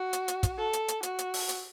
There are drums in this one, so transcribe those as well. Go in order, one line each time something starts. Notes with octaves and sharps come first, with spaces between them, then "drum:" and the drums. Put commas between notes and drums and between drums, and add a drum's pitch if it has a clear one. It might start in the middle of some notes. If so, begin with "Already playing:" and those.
Already playing: F#4
drum: hi-hat
drum: hi-hat
drum: kick, hi-hat
A4
drum: hi-hat
drum: hi-hat
F#4, drum: hi-hat
drum: hi-hat
drum: open hi-hat
drum: hi-hat